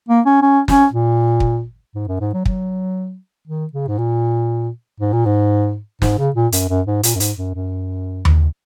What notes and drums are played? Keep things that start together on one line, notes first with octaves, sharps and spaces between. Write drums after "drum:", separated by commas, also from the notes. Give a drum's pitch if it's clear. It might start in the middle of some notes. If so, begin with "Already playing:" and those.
A#3
C#4
C#4
C#4, drum: snare
A#2
drum: kick
G#2
F#2
G#2
F#3
F#3, drum: kick
D#3
C#3
G#2
A#2
G#2
A#2
G#2
G#2, drum: snare
C#3
A#2
F#2, drum: hi-hat
F#2
G#2
A#2, drum: hi-hat
F#2
G#2, drum: hi-hat
F#2
F#2
drum: tom D#2